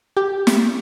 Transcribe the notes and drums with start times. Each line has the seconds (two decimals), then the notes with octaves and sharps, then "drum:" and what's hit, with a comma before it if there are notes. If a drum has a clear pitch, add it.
0.17 G4
0.47 drum: snare